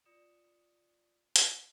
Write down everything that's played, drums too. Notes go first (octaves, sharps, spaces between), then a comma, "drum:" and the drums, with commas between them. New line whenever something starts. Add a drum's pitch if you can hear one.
F4 D5 D#6 C#7 E7
drum: hi-hat